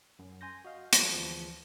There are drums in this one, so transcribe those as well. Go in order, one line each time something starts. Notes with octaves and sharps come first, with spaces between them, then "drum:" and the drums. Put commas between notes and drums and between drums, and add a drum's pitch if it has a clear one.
F#2
G#5 C6 G6 A#6
F#4 D#5 F5
F3 G3 A4, drum: hi-hat
D2 E3 F3 G#4